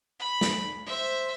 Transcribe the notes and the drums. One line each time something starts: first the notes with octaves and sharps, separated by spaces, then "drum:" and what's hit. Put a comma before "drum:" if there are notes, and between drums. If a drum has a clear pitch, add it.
B5
drum: snare
C5 E5